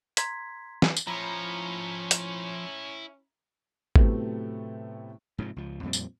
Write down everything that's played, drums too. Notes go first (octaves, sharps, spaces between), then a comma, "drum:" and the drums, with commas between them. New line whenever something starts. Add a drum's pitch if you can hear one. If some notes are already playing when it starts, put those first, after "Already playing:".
A#5 C6 G#6 B6, drum: hi-hat
drum: snare
drum: tambourine
F3 C#4 E4 C#5 A#5 B5
drum: hi-hat
A2 C3 F#3 A3 B3 C4, drum: kick G#1
G#2 C3 D#3 F3
C#2 F3
F2 A#2 G3 C4
drum: tambourine